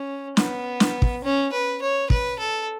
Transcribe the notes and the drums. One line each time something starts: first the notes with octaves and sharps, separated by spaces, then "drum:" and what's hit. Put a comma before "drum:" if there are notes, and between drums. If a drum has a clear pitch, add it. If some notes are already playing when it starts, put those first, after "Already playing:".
Already playing: C#4
B3, drum: snare
drum: snare
drum: kick
C#4
B4
C#5
B4, drum: kick
A4